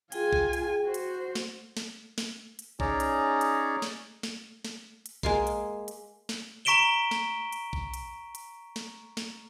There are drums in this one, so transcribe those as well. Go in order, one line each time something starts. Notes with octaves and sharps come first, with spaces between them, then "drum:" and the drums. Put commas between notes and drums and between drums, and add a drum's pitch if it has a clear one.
F4 G#4 G5 G#5, drum: hi-hat
drum: kick A1
drum: hi-hat
F#4 C5
drum: hi-hat
drum: snare
drum: snare
drum: snare
drum: hi-hat
C#4 D#4 G#4 C#5 D5 A#5, drum: kick A1
drum: hi-hat
drum: hi-hat
drum: snare
drum: snare
drum: snare
drum: hi-hat
G#3 A#3 C6, drum: kick A1
drum: hi-hat
drum: hi-hat
drum: snare
A#5 C#6 B6 D7 E7 G7
drum: snare
drum: hi-hat
drum: kick A1
drum: hi-hat
drum: hi-hat
drum: snare
drum: snare